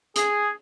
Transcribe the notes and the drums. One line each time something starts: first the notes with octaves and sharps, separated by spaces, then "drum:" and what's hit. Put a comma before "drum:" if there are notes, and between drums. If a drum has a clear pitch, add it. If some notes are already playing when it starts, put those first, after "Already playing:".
G#4, drum: hi-hat